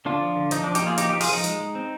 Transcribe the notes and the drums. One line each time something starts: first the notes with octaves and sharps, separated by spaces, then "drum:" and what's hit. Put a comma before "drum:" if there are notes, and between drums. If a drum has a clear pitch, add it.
D3 D4 F4
F3
D3
F3 D#4, drum: hi-hat
F3 D4
D#4 G4, drum: hi-hat
A#3 F4 G#4
F3 D#4 G4, drum: hi-hat
F3 D#4 G4
F4 G#4, drum: open hi-hat
F3 D#4
G#3, drum: hi-hat
G#3
C4